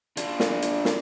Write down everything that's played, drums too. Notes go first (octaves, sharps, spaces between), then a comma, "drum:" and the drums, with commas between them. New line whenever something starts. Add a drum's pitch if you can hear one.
D4 F4, drum: hi-hat
drum: snare
drum: hi-hat
drum: snare